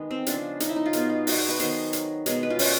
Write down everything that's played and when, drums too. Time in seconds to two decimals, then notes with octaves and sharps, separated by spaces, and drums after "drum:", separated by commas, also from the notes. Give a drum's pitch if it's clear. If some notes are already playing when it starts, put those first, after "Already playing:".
Already playing: D#3 G#3 B3
0.11 C4
0.26 C#3 F3 G#3 D4, drum: hi-hat
0.60 D#4, drum: hi-hat
0.69 E4
0.76 D#4
0.86 F4
0.93 B2 G#3 B3, drum: hi-hat
1.10 F4
1.27 F#4, drum: open hi-hat
1.38 G#4
1.49 B4
1.60 D#3 F#3 B3 C5, drum: hi-hat
1.93 drum: hi-hat
2.26 B2 G#3 B3 C#5, drum: hi-hat
2.43 B4
2.50 F4
2.59 C#4, drum: open hi-hat